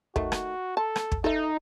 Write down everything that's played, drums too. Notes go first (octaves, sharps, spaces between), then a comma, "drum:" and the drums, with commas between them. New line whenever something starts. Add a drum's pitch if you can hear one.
D#3 A3 F#4, drum: kick
drum: rim click
A4 A5
drum: rim click
drum: kick
D#4 A4 D#5 E5